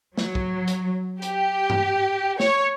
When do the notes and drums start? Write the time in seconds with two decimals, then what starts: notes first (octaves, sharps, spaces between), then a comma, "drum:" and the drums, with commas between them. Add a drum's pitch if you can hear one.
0.18 F#3, drum: snare
0.35 drum: kick
0.68 drum: hi-hat
1.22 G4, drum: hi-hat
1.70 drum: tom G2
2.40 C#5, drum: snare